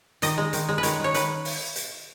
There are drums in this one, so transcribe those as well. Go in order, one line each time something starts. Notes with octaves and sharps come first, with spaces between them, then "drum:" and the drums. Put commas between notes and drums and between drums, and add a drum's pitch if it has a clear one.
D#3 D#5, drum: hi-hat
G#3
D#3, drum: hi-hat
G#3
B4
D#3 C#5, drum: hi-hat
G#3 C#5
D#3 B4, drum: hi-hat
drum: open hi-hat
drum: hi-hat